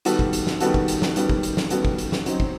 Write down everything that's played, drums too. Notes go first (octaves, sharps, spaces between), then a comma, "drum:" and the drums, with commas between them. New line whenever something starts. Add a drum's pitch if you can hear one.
D#3 G3 B3 F#4 A4, drum: hi-hat
drum: kick
drum: hi-hat
drum: snare
D#3 G3 B3 F#4 A4, drum: hi-hat
drum: kick
drum: hi-hat
drum: snare
D#3 G3 B3 F#4 A4, drum: hi-hat
drum: kick
drum: hi-hat
drum: snare
D#3 G3 B3 F#4 A4, drum: hi-hat
drum: kick
drum: hi-hat
drum: snare
F#3 C4 D#4, drum: hi-hat
drum: kick